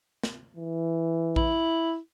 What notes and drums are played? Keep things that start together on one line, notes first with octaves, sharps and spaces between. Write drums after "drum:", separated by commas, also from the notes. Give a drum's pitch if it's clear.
drum: snare
E3
E4, drum: kick A#1